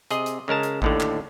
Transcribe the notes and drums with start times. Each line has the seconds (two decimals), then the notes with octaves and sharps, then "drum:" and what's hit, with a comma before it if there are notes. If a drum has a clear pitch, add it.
0.11 C3 G#4 D#5, drum: hi-hat
0.26 drum: hi-hat
0.48 C#3 G#3 A#4 A5
0.63 drum: hi-hat
0.82 D#2 A2 D3, drum: kick A1
1.00 drum: clap